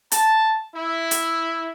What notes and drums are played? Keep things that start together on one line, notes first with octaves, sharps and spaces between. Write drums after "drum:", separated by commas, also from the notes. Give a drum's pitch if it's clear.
A5, drum: hi-hat
E4
drum: hi-hat